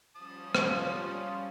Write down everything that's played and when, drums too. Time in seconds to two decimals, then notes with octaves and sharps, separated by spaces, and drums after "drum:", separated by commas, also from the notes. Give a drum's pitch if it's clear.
0.16 F3 G3 C#4 A5 D#6
0.55 drum: rim click
0.67 F4